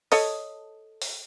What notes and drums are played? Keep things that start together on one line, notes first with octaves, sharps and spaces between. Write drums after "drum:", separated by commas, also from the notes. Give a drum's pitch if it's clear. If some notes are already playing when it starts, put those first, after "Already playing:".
A4 C#5 D#5, drum: open hi-hat
drum: open hi-hat